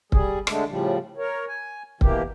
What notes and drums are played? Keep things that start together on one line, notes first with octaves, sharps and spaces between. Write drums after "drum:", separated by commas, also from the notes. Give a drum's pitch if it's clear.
G3 G#4, drum: kick C#1
D3 G#3 A3, drum: rim click
A2 C#3 F3 G3
A#4 C#5
G#5
B2 E3 A#3 G4, drum: kick C#1